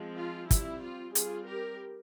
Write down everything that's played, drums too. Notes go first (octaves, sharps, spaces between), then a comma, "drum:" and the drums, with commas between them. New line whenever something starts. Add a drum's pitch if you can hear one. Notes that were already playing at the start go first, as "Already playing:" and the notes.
Already playing: F3 G#3 C4
F4
G3 C4 E4, drum: kick, hi-hat
F4
G3 C4 F4 G#4, drum: hi-hat
G4 A#4